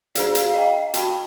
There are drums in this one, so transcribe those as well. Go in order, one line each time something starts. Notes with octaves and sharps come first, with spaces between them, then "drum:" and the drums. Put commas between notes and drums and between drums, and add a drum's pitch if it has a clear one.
D4 G#4 D5 F5, drum: hi-hat
drum: hi-hat
D#5 G5 A#5
F#4 G5 A5 B5, drum: hi-hat